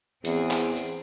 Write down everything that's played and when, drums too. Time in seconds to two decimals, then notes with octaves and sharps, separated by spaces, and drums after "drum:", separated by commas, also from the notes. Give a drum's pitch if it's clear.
0.25 E2 C4 G#4, drum: hi-hat
0.51 drum: clap
0.77 drum: hi-hat